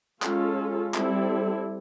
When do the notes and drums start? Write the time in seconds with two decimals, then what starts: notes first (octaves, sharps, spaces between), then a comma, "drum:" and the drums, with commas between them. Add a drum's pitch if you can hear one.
0.22 G#3 C#4 F4 A4, drum: clap
0.94 G3 C4 E4 A4, drum: clap